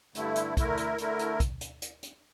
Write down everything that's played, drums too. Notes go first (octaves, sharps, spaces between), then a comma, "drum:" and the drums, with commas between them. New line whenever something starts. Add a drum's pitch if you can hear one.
G2 D3 A3 E4, drum: hi-hat
drum: hi-hat
D3 A3 E4 A#4, drum: kick, hi-hat
drum: hi-hat
D3 A3 E4 A#4, drum: hi-hat
drum: hi-hat
drum: kick, hi-hat
drum: hi-hat
drum: hi-hat
drum: hi-hat